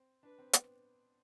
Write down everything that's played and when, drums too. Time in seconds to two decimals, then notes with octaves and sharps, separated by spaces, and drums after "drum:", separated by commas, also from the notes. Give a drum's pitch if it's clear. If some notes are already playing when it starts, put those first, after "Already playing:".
Already playing: C4
0.23 D4 B4
0.39 C4
0.53 B3, drum: hi-hat